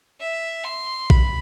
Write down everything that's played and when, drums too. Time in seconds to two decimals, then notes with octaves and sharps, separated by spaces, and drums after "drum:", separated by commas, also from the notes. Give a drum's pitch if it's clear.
0.21 E5
0.64 C6
1.10 B5, drum: kick A#1